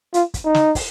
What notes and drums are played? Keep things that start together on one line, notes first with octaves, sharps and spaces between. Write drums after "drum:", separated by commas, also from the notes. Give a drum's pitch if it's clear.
F4, drum: hi-hat
drum: kick, hi-hat
D#4
drum: snare
drum: kick, open hi-hat